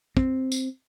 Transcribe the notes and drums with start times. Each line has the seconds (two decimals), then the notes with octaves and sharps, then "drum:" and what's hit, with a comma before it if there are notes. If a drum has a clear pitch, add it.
0.17 C4, drum: kick
0.52 drum: tambourine